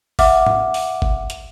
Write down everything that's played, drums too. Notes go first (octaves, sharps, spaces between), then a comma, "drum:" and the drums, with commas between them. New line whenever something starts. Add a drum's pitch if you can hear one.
E5 F#5 D6 F6, drum: kick G1, open hi-hat
drum: tom G#2
drum: open hi-hat
drum: kick G1
drum: hi-hat